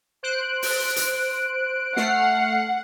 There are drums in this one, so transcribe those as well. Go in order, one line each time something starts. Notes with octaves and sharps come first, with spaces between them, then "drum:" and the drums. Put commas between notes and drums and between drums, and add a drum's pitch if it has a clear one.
C5 F#6 D7
drum: open hi-hat
drum: hi-hat
A3 F#5 F6 C7, drum: snare